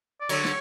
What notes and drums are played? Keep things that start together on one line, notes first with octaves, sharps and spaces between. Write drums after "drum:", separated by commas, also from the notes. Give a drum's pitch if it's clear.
D5
D3 F#3 C#5, drum: cymbal
drum: snare